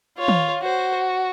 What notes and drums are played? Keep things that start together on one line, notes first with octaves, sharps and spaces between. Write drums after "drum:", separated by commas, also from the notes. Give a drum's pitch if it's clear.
F4 C#5
drum: tom
F#4 C5